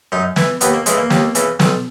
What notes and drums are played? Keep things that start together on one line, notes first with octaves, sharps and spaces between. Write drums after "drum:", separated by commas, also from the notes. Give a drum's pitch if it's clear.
F#2 D#4
E3 E4, drum: snare
D#2 B3, drum: hi-hat
A#3
C#3 E3 G#3, drum: hi-hat
A#3
D#2, drum: snare
C#3 E3, drum: hi-hat
B1, drum: snare